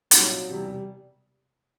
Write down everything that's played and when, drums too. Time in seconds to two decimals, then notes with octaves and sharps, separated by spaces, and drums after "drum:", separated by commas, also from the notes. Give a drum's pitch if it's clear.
0.11 C2 A#2 F#3 G3 C4 D#4, drum: hi-hat
0.49 E1 E2 C3 G3